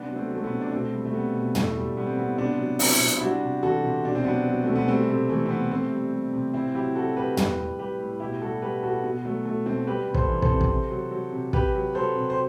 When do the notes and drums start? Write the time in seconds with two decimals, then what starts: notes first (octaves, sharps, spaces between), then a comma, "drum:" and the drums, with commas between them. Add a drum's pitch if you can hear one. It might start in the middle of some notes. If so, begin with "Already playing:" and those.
Already playing: C3 B3 D4
0.09 F#3
0.16 A3 C4
0.30 F#3 A3
0.44 B3
0.50 C3
0.61 D4
0.71 B2 A3 C4
0.93 G3
1.05 A3
1.13 G3 B3
1.34 B2
1.55 A2 A3, drum: tom
1.76 G3
1.97 G3 B3
2.06 C4
2.17 A2 B3
2.38 C3 B3 D4
2.58 F#3
2.79 F#3 C4 E4, drum: open hi-hat
3.01 C3
3.17 E4
3.21 G3 D4 F#4
3.42 C3
3.63 E3 F#4 A4
3.84 C3
4.05 B2 D4
4.15 C4
4.24 F#3 B3 D4
4.46 F#3
4.64 B2 A3
4.76 B3
4.88 G3 A3 C4
5.08 C3 A3
5.29 E3 A3
5.46 C4
5.50 C3 B3
5.71 C3 A3 C4
5.92 G3
6.12 G3
6.33 C3
6.54 A2 C4 E4
6.74 F#3 E4 G4
6.95 F#3 F#4 A4
7.16 A2 G4 B4
7.37 A2 G4 B4, drum: tom
7.58 G3
7.79 G3 G4 B4
7.99 A2
8.20 B2 E4 G4
8.41 G3 F#4 A4
8.62 G3 G4 B4
8.82 B2 F#4 A4
9.03 B2 B3
9.25 F#3 A3
9.45 F#3 A3
9.66 B2 A3 C4
9.87 G3 G4 B4
10.08 C3
10.14 A4 C5, drum: kick
10.28 E3
10.42 A4 C5, drum: kick
10.50 C3
10.61 drum: kick
10.70 C3
10.91 F#3
11.11 F#3
11.32 C3
11.53 C3 G4 B4, drum: kick
11.75 F#3
11.95 F#3 A4 C5
12.16 C3
12.30 C5